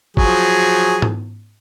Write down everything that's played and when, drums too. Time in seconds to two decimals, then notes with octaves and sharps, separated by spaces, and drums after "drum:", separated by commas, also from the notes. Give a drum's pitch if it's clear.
0.17 F3 F#3 G#4, drum: kick
1.02 drum: tom G#2